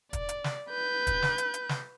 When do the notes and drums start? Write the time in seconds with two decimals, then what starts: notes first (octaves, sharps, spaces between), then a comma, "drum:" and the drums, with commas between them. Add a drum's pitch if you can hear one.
0.13 D5, drum: kick, hi-hat
0.29 drum: hi-hat
0.44 drum: snare
0.69 B4 G6
1.07 drum: kick, hi-hat
1.22 drum: snare
1.38 drum: hi-hat
1.54 drum: hi-hat
1.69 drum: snare